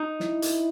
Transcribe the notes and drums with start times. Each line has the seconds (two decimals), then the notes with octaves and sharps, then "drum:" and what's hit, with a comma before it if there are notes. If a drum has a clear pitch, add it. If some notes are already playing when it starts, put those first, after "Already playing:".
Already playing: D#4
0.20 E4, drum: snare
0.42 drum: hi-hat